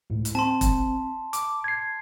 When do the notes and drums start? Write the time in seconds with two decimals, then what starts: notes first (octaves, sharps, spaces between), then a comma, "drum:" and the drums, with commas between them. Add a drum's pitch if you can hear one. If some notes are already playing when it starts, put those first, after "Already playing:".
0.10 C#2 A2
0.25 drum: hi-hat
0.35 C4 A5 C6
0.61 drum: kick E1, hi-hat
1.33 D6, drum: hi-hat
1.64 G#6 C7